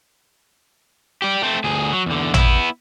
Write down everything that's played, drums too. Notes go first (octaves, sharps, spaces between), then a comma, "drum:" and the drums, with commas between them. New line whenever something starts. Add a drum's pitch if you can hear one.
G4 D5
A3 C4
D2 G#4
F#3
E2 D3
B3 E4, drum: tom A1